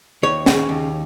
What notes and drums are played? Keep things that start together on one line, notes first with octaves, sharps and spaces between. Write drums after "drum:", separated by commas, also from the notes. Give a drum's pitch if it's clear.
D#2 C#5
C#3, drum: snare
D#2